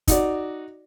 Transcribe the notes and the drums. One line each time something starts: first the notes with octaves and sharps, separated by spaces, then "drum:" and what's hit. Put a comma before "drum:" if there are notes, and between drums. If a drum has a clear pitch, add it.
D#4 F#4 D5, drum: kick, hi-hat